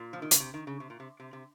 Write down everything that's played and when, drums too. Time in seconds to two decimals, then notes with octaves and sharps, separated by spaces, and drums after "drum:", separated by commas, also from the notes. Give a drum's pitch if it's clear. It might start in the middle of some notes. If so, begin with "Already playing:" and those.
Already playing: A#2
0.13 F3
0.22 D#3
0.31 C#3, drum: hi-hat
0.40 C3
0.54 D#3
0.67 C#3
0.80 C3
0.90 A#2
1.00 C3
1.20 C3
1.33 C3